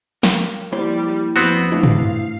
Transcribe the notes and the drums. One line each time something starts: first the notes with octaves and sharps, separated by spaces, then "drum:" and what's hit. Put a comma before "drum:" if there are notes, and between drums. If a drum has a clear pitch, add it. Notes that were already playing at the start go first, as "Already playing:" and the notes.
A#4 F5 G5, drum: snare
F3 G3 A#3 E4 C5
F2 B3 C4 F#4
A3 D4 E4 F5
drum: tom